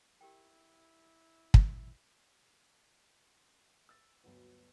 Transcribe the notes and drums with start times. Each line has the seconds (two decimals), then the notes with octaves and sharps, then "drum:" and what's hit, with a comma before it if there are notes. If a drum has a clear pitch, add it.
0.21 E4 G4 A#4 G5
1.54 drum: kick
3.89 E6 A6
4.24 G1 D2 F#3 F#4 B4